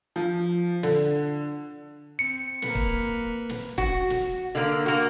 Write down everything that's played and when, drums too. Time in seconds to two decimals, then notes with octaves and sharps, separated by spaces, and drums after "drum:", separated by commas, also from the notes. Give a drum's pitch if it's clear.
0.16 F3
0.83 D3, drum: snare
2.19 C4 C#7
2.62 A#3 B4, drum: snare
2.75 drum: kick
3.49 drum: snare
3.78 F#4, drum: kick
4.10 drum: snare
4.55 D3 A#3
4.86 A#3 F#4